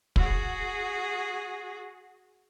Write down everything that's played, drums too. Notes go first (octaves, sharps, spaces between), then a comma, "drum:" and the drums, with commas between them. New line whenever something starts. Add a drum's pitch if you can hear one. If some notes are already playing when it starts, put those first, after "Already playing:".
F#4 G#4, drum: kick